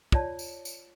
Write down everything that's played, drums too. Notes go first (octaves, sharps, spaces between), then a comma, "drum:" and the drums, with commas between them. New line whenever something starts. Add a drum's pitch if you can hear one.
F4 C#5 D5 A5, drum: kick
drum: tambourine
drum: tambourine